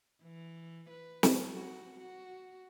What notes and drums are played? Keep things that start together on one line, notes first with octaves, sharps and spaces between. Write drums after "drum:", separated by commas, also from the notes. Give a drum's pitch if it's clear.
E3
B4
drum: snare
F#4
F#4